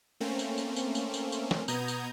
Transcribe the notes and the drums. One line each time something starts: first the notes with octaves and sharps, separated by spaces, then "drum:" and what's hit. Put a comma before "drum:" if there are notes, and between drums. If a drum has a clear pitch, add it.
A3 A#3 C4 C#4
drum: tambourine
drum: tambourine
drum: tambourine
drum: tambourine
drum: tambourine
drum: tambourine
drum: snare
B2 B3 A#5 D#6 G6 G#6, drum: tambourine
drum: tambourine